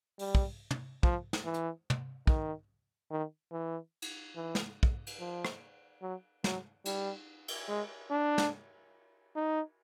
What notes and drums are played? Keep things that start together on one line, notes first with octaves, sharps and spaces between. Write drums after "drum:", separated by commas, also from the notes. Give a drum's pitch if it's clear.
G3, drum: open hi-hat
drum: kick
drum: tom
F3, drum: kick
drum: snare
E3
drum: hi-hat
drum: tom
D#3, drum: kick
D#3
E3
drum: cymbal
E3
drum: snare
drum: kick
drum: cymbal
F3
drum: rim click
F#3
F#3, drum: snare
G3, drum: cymbal
drum: cymbal
G#3
D4
drum: snare
D#4